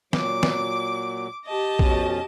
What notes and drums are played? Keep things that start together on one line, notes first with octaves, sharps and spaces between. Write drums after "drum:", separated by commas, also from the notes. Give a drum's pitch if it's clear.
A#2 F#3 D6, drum: snare
drum: snare
G4 D#5 A5
F2 B2 C#4, drum: kick A#1